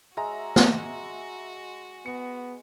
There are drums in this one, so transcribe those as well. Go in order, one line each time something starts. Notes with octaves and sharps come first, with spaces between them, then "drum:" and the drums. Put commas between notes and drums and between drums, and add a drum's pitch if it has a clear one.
G#3 F#4 E5 A#5
drum: snare
B3 C#7